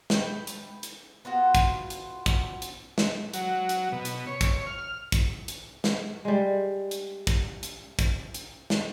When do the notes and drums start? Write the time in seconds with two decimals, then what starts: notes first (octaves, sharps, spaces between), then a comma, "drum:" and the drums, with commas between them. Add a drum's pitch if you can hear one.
0.10 B4 G5, drum: snare
0.47 drum: hi-hat
0.83 drum: hi-hat
1.25 B3 F4 F#4
1.55 drum: kick, hi-hat
1.90 drum: hi-hat
2.26 drum: kick, hi-hat
2.62 drum: hi-hat
2.98 drum: snare
3.33 F#3, drum: hi-hat
3.69 drum: hi-hat
3.92 B2
4.05 drum: hi-hat
4.27 C#5
4.41 drum: kick, hi-hat
4.66 F6
5.12 drum: kick, hi-hat
5.48 drum: hi-hat
5.84 drum: snare
6.25 G3 G#3
6.91 drum: hi-hat
7.27 drum: kick, hi-hat
7.63 drum: hi-hat
7.99 drum: kick, hi-hat
8.34 drum: hi-hat
8.70 drum: snare